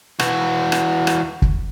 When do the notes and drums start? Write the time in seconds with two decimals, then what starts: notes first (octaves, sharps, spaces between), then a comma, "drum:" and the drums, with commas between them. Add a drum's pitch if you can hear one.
0.20 E3 F#4, drum: rim click
0.72 drum: rim click
1.07 drum: rim click
1.42 drum: kick